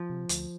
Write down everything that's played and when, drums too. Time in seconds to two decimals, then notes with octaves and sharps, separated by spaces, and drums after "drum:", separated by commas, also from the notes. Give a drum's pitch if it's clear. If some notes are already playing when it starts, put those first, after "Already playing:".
Already playing: F3
0.10 C3
0.29 D2, drum: hi-hat